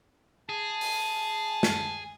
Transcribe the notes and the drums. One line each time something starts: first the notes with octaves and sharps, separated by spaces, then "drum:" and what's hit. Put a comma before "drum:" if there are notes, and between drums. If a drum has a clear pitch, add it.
G#4 A5
drum: open hi-hat
drum: snare